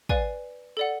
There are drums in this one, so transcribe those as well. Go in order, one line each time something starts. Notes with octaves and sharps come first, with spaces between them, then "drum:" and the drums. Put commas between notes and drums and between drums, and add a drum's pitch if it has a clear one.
B4 D5 F5 G#5, drum: kick
A4 D5 F#5